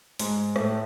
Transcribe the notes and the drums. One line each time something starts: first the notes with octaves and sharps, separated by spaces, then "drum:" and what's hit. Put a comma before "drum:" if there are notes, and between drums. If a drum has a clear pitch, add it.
G#2 G#3, drum: open hi-hat
A2 A3, drum: rim click